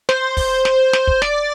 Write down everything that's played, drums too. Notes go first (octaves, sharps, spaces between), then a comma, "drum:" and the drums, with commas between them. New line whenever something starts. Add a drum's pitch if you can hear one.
C5, drum: snare
drum: kick, open hi-hat
drum: snare
drum: snare
drum: kick
D5, drum: snare